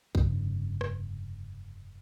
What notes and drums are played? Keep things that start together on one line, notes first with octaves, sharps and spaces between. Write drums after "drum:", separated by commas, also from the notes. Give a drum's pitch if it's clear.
F1 G2 C#3, drum: kick A1
drum: rim click